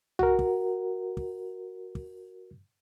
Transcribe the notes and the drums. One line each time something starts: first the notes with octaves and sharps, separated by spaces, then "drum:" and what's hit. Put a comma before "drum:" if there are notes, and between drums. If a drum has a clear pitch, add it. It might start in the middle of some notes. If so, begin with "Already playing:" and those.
F#4 A#4, drum: tom B1
drum: kick
drum: kick
drum: kick